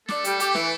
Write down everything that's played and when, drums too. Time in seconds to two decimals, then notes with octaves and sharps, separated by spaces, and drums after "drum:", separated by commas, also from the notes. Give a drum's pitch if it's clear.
0.08 A3 D4 A4, drum: snare
0.24 G3, drum: hi-hat
0.40 G4, drum: hi-hat
0.55 E3, drum: snare